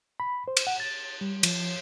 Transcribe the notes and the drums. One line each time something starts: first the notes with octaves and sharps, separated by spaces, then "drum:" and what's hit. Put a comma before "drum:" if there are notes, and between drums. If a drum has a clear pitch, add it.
B5
C5
drum: cymbal
F#5
A6
G3
F3, drum: cymbal